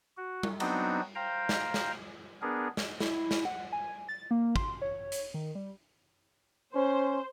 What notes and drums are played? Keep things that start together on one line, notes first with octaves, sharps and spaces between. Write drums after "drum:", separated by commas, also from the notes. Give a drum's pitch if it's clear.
F#4
drum: tom G3
F#3 B3 C4 D4 D#4 F#4, drum: cymbal
C5 F5 G5 A#5
drum: snare
drum: snare
B3 D4 G#4 A#4
drum: snare
E4, drum: snare
drum: snare
F#5
G#5
A6
A#3
C6, drum: kick
C#5
drum: hi-hat
D#3
G3
C#4 C5